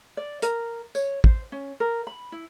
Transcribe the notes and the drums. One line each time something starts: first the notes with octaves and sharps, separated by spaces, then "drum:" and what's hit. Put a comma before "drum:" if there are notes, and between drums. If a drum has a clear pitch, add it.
D5
A#4, drum: hi-hat
C#5, drum: tambourine
C5, drum: kick
C#4
A#4
B5
E4